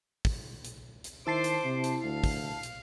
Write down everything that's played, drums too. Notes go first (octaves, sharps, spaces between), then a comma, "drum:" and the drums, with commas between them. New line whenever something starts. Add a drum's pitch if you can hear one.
drum: kick, open hi-hat
drum: hi-hat
drum: hi-hat
D#3 E4 C5 A5 D6 C7
drum: hi-hat
C3
drum: hi-hat
D2 F5
drum: kick, open hi-hat
drum: hi-hat